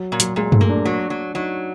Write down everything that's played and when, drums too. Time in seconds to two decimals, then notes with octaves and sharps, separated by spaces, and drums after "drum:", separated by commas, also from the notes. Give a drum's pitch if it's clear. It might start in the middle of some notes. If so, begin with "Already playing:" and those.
Already playing: F#3
0.12 A#2
0.20 F#3, drum: hi-hat
0.36 A#2 G#3
0.52 A3, drum: tom G2
0.61 A#3
0.69 D4
0.85 F#3
1.10 F#3
1.34 F#3 D#4